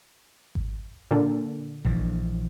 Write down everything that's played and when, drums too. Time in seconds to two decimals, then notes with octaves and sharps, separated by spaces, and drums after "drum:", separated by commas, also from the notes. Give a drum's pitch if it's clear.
0.55 drum: kick G#1
1.11 A#2 D3
1.85 A#1 E3 F3, drum: kick G#1